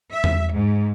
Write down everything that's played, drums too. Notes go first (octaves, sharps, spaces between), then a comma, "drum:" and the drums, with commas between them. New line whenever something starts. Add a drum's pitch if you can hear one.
E5
drum: tom E2
G#2